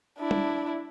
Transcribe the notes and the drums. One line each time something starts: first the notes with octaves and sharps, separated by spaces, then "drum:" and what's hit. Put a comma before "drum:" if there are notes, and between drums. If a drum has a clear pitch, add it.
D4 E4
drum: tom